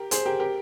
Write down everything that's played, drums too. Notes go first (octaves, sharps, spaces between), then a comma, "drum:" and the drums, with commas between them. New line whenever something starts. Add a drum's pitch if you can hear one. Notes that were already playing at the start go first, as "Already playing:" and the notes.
Already playing: G4 A#4
G#4 C5, drum: hi-hat
G4 A#4
G4 A#4